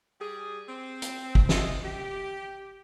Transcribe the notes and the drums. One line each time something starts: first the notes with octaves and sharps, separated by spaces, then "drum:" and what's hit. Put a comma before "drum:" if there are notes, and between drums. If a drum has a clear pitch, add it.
G3 G#4
C4
drum: hi-hat
drum: kick
G#3 D#5 E5, drum: snare
G4